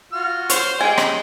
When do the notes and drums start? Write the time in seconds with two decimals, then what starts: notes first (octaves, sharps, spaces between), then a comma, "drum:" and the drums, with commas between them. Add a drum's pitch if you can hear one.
0.13 F4 F#4 F6
0.50 C5 C#5, drum: hi-hat
0.81 G#3 G4 G5 G#5
0.98 drum: rim click